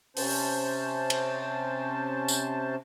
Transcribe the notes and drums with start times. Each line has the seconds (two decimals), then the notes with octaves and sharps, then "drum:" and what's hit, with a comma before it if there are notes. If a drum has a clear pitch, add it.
0.17 C3 C#4 C5 A5, drum: open hi-hat
1.10 drum: cymbal
2.28 drum: tambourine